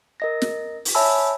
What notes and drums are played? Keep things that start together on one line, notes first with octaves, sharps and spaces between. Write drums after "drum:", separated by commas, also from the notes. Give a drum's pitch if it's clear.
A#4 D#5 A#6
drum: snare
drum: open hi-hat
C#5 E5 G#5 A5 B5 E6